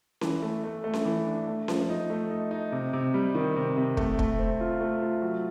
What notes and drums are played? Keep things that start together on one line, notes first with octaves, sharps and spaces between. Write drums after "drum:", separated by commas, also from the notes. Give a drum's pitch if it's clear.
E3, drum: snare C#4
A3
A3
A3
drum: snare C#4
E3
D4
A3
F3, drum: snare C#4
D#4
A3
D#4
D#4
C3
C3
G3
D#3
C3
C3
A3, drum: kick
A3, drum: kick
C4
F4
A3
F4
F#3